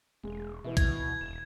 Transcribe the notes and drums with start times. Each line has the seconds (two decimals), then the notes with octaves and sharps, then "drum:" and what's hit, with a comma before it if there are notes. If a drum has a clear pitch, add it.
0.23 E1 G#3
0.64 B2 E3 E4
0.77 G#6, drum: kick, hi-hat
1.21 E1 E7